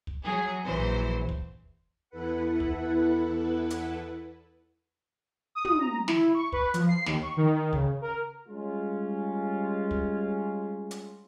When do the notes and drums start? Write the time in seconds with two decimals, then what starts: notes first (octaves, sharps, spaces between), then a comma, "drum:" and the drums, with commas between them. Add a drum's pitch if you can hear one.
0.07 drum: kick
0.24 F#3 G#4
0.65 A#1 E3 F#3 C5
1.29 drum: kick
2.10 E2 E4 A4 B4 F#5
2.60 drum: kick
3.70 drum: hi-hat
5.55 D#6
5.65 drum: tom
5.79 A#5
6.08 E4, drum: snare
6.34 C#6
6.52 B4, drum: kick
6.74 F3, drum: hi-hat
6.89 C7
7.06 D#2, drum: snare
7.22 C#6
7.37 D#3
7.73 C#3, drum: kick
8.02 A#4
8.49 G3 G#3 C#4 F4
9.91 drum: kick
10.91 drum: hi-hat